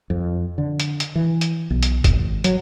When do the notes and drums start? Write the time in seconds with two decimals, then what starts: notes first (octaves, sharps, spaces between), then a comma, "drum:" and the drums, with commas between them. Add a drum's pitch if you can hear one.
0.10 F2
0.58 D3
0.80 drum: hi-hat
1.00 drum: hi-hat
1.15 E3
1.41 drum: hi-hat
1.70 B1
1.83 drum: hi-hat
2.04 G#1, drum: kick, hi-hat
2.44 F#3, drum: hi-hat